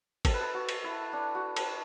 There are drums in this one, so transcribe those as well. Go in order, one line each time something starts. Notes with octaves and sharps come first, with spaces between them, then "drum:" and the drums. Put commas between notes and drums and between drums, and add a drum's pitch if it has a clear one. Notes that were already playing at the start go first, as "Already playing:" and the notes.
A4, drum: kick G#1, cymbal
B4
A4
F#4
drum: cymbal
E4
D4
F#4
A4, drum: cymbal